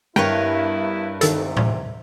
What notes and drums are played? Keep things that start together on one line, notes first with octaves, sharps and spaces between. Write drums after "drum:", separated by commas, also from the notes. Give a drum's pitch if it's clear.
G2 B3 E4 A#4 B4 C#5 G5
E2 G#2 C3 D#3 A4, drum: hi-hat
drum: tom A2